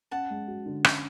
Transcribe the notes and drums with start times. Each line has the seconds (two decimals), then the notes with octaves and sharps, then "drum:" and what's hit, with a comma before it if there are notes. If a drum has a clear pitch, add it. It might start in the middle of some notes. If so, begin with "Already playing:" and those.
0.11 C#4 F#5 A5
0.30 G#3
0.48 F#4
0.66 D3
0.84 C#4, drum: rim click